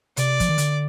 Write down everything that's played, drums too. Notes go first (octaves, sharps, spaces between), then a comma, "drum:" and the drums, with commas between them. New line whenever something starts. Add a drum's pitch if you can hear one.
C3 D5, drum: hi-hat
F3, drum: kick, hi-hat
D#3
D3, drum: hi-hat